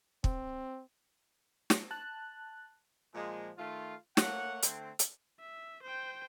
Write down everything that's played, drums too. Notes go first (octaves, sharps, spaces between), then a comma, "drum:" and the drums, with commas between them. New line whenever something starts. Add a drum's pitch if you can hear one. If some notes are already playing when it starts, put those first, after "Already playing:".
C4, drum: kick
drum: snare
A5 F#6
A#2 F3 G#3
D#3 A3 F4
A3 A#3 C#5 F#5, drum: snare
D3 A3 C4, drum: hi-hat
drum: hi-hat
E5
C5 G5